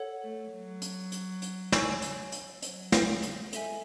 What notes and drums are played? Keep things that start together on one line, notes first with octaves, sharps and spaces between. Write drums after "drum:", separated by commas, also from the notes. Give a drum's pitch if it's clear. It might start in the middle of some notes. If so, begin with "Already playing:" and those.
Already playing: A4 C#5 F#5
A3
F#3
drum: hi-hat
drum: hi-hat
drum: hi-hat
C#5 G#5 C#6 E6, drum: snare
drum: hi-hat
drum: hi-hat
F#3, drum: hi-hat
drum: snare
drum: hi-hat
G#3 A4 E5 G#5, drum: hi-hat